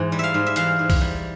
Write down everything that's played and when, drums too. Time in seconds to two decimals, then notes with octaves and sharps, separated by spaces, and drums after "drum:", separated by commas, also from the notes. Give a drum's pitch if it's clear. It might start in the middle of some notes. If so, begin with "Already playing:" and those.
Already playing: G#2 E3
0.12 G3
0.19 E5 F5
0.34 G#2
0.47 E5
0.56 E3 F5, drum: hi-hat
0.79 G#2
0.90 drum: kick, open hi-hat
1.01 G3